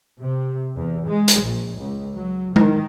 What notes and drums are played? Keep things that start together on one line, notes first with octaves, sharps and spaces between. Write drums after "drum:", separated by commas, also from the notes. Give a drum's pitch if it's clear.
C3
E2
G#3
drum: hi-hat
A#1
C#2
F#3
D#3, drum: tom G#3